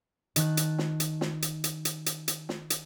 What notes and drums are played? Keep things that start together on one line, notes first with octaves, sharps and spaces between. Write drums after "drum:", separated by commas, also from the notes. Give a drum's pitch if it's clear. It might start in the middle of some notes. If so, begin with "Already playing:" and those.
D#3 A5 F#6, drum: hi-hat
drum: hi-hat
drum: snare
drum: hi-hat
drum: snare
drum: hi-hat
drum: hi-hat
drum: hi-hat
drum: hi-hat
drum: hi-hat
drum: snare
drum: hi-hat